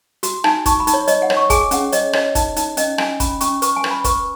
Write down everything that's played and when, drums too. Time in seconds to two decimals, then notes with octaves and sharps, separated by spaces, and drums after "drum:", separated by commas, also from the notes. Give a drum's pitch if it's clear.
0.23 F#4, drum: hi-hat
0.44 D#4 G#5, drum: rim click
0.66 D#4 C#6, drum: kick, hi-hat
0.80 B5
0.87 D#4, drum: hi-hat
0.94 C#5
1.07 C#5 D#5, drum: hi-hat
1.22 F#5
1.30 C#5, drum: rim click
1.37 C#6
1.50 G#4 G#5, drum: kick, hi-hat
1.71 C#4 F#5, drum: hi-hat
1.92 C#5 D#5, drum: hi-hat
2.13 C#5 D#5, drum: rim click
2.35 D#4, drum: kick, hi-hat
2.56 D#4, drum: hi-hat
2.77 C#4 D#5, drum: hi-hat
2.98 C#4 G#5, drum: rim click
3.20 C#4 B5, drum: kick, hi-hat
3.41 C#4 C#6, drum: hi-hat
3.62 B4 C#6, drum: hi-hat
3.76 G#5
3.84 B4, drum: rim click
3.91 B5
4.04 B4 C#6, drum: kick, hi-hat